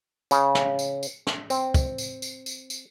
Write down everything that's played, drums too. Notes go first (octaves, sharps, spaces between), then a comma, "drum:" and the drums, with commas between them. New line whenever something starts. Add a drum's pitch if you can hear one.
C#3, drum: tambourine
drum: snare
drum: tambourine
drum: tambourine
drum: snare
C4, drum: tambourine
drum: kick, tambourine
drum: tambourine
drum: tambourine
drum: tambourine
drum: tambourine